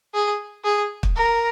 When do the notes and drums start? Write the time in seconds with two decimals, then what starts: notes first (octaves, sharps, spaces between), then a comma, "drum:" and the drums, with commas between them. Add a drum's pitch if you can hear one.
0.14 G#4
0.64 G#4
1.03 drum: kick
1.16 A#4